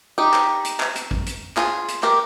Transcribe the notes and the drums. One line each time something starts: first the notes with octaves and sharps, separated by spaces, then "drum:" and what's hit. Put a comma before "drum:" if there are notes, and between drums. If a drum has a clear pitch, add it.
D#4 G4
drum: clap
drum: hi-hat
drum: clap
drum: hi-hat
drum: kick A1
drum: hi-hat
F4 G#4, drum: clap
drum: hi-hat
G4 A#4, drum: clap